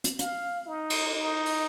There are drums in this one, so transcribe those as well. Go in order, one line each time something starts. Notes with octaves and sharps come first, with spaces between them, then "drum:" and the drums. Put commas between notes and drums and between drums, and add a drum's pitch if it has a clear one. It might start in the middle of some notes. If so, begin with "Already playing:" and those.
drum: hi-hat
F5, drum: hi-hat
D#4
drum: cymbal
D#4
drum: open hi-hat